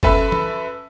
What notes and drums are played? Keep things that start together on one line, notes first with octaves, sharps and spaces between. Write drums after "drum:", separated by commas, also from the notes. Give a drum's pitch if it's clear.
F#2 A4 B4 E5 B5 E6, drum: kick F#1
drum: tom